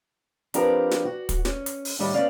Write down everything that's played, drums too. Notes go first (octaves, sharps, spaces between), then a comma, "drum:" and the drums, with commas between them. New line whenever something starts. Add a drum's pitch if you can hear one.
F3 C4 D4 G4 A#4 B4, drum: hi-hat
drum: snare
F#4
drum: kick, hi-hat
C#4, drum: snare
drum: hi-hat
drum: open hi-hat
A2 D#3 G3 A3 D#4 F4
A3 B3 C#4 D5 F5